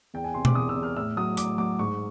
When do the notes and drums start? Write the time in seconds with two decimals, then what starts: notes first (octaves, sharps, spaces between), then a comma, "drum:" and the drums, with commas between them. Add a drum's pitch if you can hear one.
0.14 E2 G5
0.24 G#5
0.34 C3 C6
0.45 D6, drum: tom B2
0.55 E2 D#6
0.69 E6
0.75 E2
0.83 F6
0.96 A2 E6
1.17 F#3 D#6
1.37 A2 D6, drum: hi-hat
1.58 F#3 D6
1.79 G#2 C#6